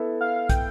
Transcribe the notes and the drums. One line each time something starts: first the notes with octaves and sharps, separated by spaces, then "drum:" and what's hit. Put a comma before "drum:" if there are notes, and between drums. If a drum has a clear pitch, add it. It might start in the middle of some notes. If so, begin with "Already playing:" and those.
Already playing: B3 E4 A4
F5
G5, drum: kick, hi-hat